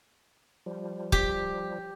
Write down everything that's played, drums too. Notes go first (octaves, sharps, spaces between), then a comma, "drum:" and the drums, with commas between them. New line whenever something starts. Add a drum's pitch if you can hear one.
F3 G3
G4, drum: kick